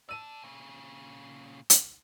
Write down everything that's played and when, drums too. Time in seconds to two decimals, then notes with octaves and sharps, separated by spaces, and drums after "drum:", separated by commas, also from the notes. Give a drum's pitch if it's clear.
0.09 D5 A5 E6 D#7
0.42 A#2 C#3
1.70 drum: hi-hat